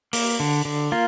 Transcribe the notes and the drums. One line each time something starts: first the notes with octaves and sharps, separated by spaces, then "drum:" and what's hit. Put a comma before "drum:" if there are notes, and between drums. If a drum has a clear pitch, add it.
A#3, drum: open hi-hat
D3
D3
A#3 F4